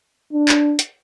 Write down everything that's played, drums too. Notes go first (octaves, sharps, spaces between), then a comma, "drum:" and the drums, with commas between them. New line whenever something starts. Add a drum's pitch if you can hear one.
D4
drum: clap
drum: hi-hat